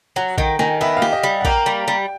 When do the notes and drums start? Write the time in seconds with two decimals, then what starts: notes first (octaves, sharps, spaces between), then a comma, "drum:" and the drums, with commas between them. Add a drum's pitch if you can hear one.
0.16 F#3 F#5
0.38 D#3 G5, drum: kick A#1
0.59 D#3 G#5, drum: snare
0.81 B3 E5
0.97 F5
1.02 G4, drum: snare
1.13 D#5
1.23 G3
1.41 F#5
1.45 A#3 G5, drum: kick A#1
1.66 G3
1.88 G3